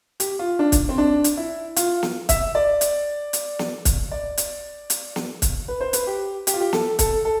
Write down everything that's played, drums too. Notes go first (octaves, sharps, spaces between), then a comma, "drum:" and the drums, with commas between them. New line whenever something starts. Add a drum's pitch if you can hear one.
G4, drum: hi-hat
F4
D4
drum: kick, hi-hat
C4
D4
drum: hi-hat
E4
F4, drum: hi-hat
drum: snare
E5, drum: kick, hi-hat
D5
drum: hi-hat
drum: hi-hat
drum: snare
drum: kick, hi-hat
D5
drum: hi-hat
drum: hi-hat
drum: snare
drum: kick, hi-hat
B4
C5
B4, drum: hi-hat
G4
G4, drum: hi-hat
F4
G4
A4, drum: snare
A4, drum: kick, hi-hat
A4